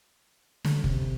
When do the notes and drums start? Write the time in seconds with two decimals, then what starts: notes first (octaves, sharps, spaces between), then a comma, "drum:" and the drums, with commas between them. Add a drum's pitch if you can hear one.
0.65 D3, drum: snare
0.84 C3, drum: kick